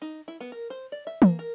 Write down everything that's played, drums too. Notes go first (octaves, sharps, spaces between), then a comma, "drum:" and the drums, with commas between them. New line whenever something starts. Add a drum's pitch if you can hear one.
D#4
E4
B3
A#4
C5
D5
E5
A#3, drum: tom
A#4